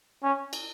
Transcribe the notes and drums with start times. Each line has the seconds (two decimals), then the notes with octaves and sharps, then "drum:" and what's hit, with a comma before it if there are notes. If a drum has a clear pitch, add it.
0.24 C#4
0.53 drum: cymbal